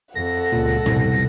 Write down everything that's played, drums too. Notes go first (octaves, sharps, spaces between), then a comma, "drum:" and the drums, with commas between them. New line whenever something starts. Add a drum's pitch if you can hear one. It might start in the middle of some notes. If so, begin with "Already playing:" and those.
F2 A4 F#5 A#6
C#2 A#2
C2 F2 B2, drum: tom A2